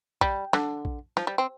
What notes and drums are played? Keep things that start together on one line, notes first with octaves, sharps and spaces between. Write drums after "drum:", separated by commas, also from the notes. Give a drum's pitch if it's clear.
G3, drum: kick A#1
D3, drum: snare
drum: kick A#1
F3, drum: snare
G3
C4